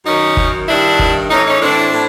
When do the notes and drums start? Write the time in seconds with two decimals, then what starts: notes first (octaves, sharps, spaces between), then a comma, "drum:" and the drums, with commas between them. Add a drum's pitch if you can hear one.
0.05 F#2 D#3 C#4 D#4
0.37 F#2 D#3, drum: kick
0.68 G2 D#3 D4 E4
0.99 G2 D#3, drum: kick
1.30 A2 E3 C#4 D#4
1.46 C#4 D#4
1.61 A2 E3 C4 D4
1.93 A2